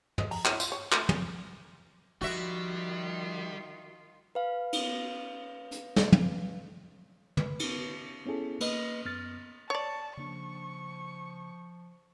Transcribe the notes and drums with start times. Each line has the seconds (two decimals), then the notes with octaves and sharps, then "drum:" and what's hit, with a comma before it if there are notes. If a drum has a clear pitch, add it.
0.18 G#3, drum: tom
0.31 A#5, drum: open hi-hat
0.45 E3, drum: clap
0.60 F4, drum: tambourine
0.72 C#5
0.92 A3, drum: clap
1.09 G#4, drum: tom
2.21 D#3 F3 G3 F4 F#4 E5
4.35 B4 F5
4.73 drum: cymbal
5.72 drum: hi-hat
5.96 drum: snare
6.12 drum: tom
7.37 B4, drum: tom
7.59 drum: cymbal
8.26 B3 C#4 E4 G#4 A4
8.60 A#3 B4 D#5, drum: cymbal
9.05 F#2 B3 F6 A6
9.70 C#5 D5 A5 C#6
10.17 C#3 F3 A#3 D4 C#6